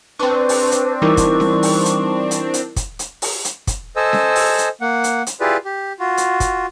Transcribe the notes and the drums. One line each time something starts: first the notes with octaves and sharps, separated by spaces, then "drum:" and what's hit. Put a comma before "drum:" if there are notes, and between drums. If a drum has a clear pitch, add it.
C4 D4 B4 C#6
drum: open hi-hat
drum: hi-hat
E3 G3 D#4 E4 A#4 C#6 D6
drum: kick, hi-hat
drum: snare C#4
drum: open hi-hat
drum: hi-hat
drum: hi-hat
drum: hi-hat
drum: kick, hi-hat
drum: hi-hat
drum: open hi-hat
drum: hi-hat
drum: kick, hi-hat
A4 C5 D#5 G#5 E6
drum: snare C#4
drum: open hi-hat
drum: hi-hat
A#3 F#5
drum: hi-hat
drum: hi-hat
E4 F4 G4 G#4 B4 D5
G4
F4 F#4
drum: hi-hat
drum: kick, hi-hat